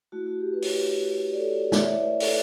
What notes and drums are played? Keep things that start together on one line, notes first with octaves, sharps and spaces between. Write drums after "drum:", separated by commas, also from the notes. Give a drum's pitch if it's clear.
A3 E4 F#4
F#4
G4
B4
C#5, drum: open hi-hat
G4 B4
D5
A4 C#5
D5, drum: snare
A3 E4 C#5 E5
B4 D5
A4 C#5, drum: open hi-hat